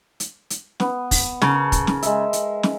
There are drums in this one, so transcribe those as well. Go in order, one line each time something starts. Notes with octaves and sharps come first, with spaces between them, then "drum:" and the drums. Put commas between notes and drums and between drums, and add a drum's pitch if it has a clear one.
drum: hi-hat
drum: hi-hat
B3, drum: snare
drum: kick, open hi-hat
C#3 A#4 A5, drum: snare
drum: kick, hi-hat
drum: snare
G#3 E5, drum: hi-hat
drum: hi-hat
drum: snare